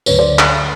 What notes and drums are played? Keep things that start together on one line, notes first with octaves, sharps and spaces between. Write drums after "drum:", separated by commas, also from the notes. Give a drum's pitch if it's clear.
D2 D3 F#3 B4 C#5, drum: tambourine
C5 D5
drum: clap